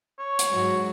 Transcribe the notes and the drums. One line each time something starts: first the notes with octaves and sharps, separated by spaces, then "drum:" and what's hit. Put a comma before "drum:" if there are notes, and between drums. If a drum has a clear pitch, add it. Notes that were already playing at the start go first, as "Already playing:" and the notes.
C#5
drum: hi-hat
G#2 F#3